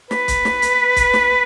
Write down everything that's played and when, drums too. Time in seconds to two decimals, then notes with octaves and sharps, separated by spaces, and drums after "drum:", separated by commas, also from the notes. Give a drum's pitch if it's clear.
0.11 B4, drum: snare
0.28 drum: kick, hi-hat
0.45 drum: snare
0.62 drum: hi-hat
0.96 drum: kick, hi-hat
1.13 drum: snare